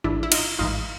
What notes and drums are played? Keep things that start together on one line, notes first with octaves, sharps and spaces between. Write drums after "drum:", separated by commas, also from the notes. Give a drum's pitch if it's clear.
A1 G#2 E3 D4 E4
E4
D#4 F4, drum: cymbal
A1 G#2 E3 D#4 F4